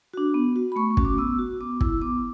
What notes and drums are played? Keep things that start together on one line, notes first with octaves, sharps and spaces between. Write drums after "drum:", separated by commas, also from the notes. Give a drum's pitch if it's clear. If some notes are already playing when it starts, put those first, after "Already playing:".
D4 F#4
B3
F#4
B5
A3 C#6
C#6
C#4 F#4, drum: kick
D6
B3 E6
F#4
B3 D6
E4 E6, drum: kick
B3 D6